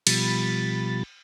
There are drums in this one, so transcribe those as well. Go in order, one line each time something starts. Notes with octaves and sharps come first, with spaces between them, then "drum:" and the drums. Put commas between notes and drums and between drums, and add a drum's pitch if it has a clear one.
B2 F3 G3 B5 A6, drum: cymbal